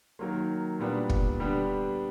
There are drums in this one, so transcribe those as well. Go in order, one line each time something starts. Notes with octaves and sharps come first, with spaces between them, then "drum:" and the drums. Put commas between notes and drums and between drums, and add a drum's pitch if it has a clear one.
D#3 F#3 A#3
A#2 G3 B3 D4
drum: kick
D3 G3 B3 D4 G4